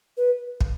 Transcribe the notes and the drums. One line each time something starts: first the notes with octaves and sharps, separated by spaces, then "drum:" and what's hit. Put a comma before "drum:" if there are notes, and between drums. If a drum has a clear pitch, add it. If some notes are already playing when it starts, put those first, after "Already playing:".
B4
drum: kick